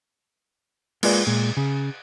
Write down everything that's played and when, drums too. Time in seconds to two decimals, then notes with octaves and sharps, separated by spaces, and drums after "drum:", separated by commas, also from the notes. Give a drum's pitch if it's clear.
1.03 G#3 A#3 F4 G#4 B4 D5, drum: cymbal
1.27 A#2 G#3
1.57 C#3